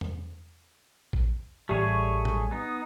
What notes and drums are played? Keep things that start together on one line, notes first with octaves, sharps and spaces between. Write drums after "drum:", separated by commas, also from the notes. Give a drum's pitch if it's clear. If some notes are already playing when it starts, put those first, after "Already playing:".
drum: tom E2
drum: kick A1
A1 G3 A3 G#4 C#5
drum: tom A#2
B3 D#4